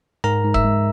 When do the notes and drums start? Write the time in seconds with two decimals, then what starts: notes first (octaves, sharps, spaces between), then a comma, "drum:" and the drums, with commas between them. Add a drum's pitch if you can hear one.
0.24 G#2 A#4 A#5
0.44 G#2
0.54 E5 E6, drum: kick F1
0.65 G#3